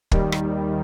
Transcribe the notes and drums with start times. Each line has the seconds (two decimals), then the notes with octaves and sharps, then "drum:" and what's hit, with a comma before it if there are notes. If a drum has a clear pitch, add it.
0.11 D#2 D#3 G3, drum: kick
0.32 drum: rim click